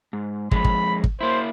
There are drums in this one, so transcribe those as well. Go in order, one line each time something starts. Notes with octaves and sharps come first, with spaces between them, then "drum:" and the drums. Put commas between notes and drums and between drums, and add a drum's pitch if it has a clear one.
G#2
F2 G#3 B5, drum: kick
drum: kick
drum: kick
A#3 E4 C5